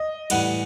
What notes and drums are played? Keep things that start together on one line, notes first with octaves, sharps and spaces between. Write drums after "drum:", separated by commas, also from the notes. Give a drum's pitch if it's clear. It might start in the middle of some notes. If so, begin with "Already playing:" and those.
Already playing: D#5
A2 E3 G3 F#5, drum: cymbal